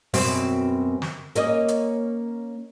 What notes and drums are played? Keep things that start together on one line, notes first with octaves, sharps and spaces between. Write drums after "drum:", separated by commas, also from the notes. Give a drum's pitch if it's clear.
F#2 B2 C4, drum: open hi-hat
drum: snare
A#3 C#4 D#5, drum: hi-hat
drum: hi-hat